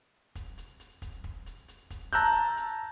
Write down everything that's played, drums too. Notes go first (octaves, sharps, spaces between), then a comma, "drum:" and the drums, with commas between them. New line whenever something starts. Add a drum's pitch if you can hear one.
drum: kick, hi-hat
drum: hi-hat
drum: hi-hat
drum: kick, hi-hat
drum: kick
drum: hi-hat
drum: hi-hat
drum: kick, hi-hat
A5 A#5 E6 F#6 G6, drum: kick, hi-hat
drum: hi-hat
drum: hi-hat